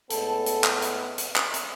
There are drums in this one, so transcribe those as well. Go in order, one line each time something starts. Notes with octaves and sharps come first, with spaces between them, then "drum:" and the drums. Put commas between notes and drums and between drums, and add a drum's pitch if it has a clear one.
A2 G#3 B3 A4, drum: hi-hat
drum: hi-hat
drum: clap
drum: hi-hat
drum: hi-hat
drum: clap
drum: hi-hat